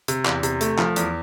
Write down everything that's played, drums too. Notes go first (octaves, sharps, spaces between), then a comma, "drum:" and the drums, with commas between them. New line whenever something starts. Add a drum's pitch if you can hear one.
C3, drum: hi-hat
E2, drum: clap
C3, drum: hi-hat
A3, drum: hi-hat
F3, drum: clap
E2, drum: hi-hat